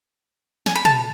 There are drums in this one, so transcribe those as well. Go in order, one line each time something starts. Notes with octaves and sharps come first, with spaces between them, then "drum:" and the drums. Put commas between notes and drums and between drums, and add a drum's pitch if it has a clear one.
G#5, drum: snare
B5
A5, drum: tom